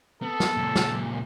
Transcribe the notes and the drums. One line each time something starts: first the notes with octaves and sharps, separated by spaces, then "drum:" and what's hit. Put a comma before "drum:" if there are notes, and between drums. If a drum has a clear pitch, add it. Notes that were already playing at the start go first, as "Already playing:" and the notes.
B3 A4
drum: snare
C#2 A#2
drum: snare